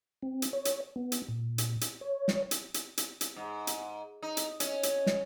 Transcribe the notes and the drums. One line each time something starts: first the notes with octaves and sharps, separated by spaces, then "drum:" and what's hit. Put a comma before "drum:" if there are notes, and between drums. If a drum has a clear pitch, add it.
C4
drum: hi-hat
C#5
drum: hi-hat
B3
drum: hi-hat
A#2
drum: hi-hat
drum: hi-hat
C#5
drum: snare
drum: hi-hat
drum: hi-hat
drum: hi-hat
drum: hi-hat
G#2
drum: hi-hat
D#4
drum: hi-hat
C#4, drum: hi-hat
drum: hi-hat
drum: snare